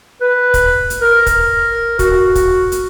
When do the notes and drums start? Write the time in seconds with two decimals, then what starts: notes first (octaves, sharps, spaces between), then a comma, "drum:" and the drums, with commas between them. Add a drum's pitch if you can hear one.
0.20 B4
0.54 drum: kick, hi-hat
0.90 drum: hi-hat
1.01 A#4
1.26 drum: kick, hi-hat
1.99 F#4, drum: kick, hi-hat
2.35 drum: kick, hi-hat
2.72 drum: hi-hat